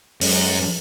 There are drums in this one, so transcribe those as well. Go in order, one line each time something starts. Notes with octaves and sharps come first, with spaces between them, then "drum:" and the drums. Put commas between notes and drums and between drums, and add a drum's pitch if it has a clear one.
F#2 G#3 C#4, drum: open hi-hat